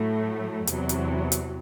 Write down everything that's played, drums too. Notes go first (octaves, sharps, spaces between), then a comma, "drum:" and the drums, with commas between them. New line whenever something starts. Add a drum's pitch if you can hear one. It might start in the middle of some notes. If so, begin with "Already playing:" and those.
Already playing: A2 F#3 A3
E2 C3 F#3, drum: hi-hat
drum: hi-hat
drum: hi-hat